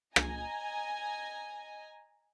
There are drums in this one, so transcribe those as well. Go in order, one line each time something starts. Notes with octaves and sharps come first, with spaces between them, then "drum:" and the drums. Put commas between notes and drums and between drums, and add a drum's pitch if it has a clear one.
D#5 G#5 A#5, drum: rim click